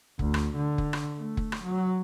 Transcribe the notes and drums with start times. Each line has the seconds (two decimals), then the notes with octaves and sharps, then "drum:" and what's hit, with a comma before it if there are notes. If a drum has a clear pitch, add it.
0.19 D2, drum: kick F1
0.34 drum: rim click
0.56 D3
0.78 drum: kick F1
0.93 drum: rim click
1.17 A3
1.37 drum: kick F1
1.52 drum: rim click
1.62 F#3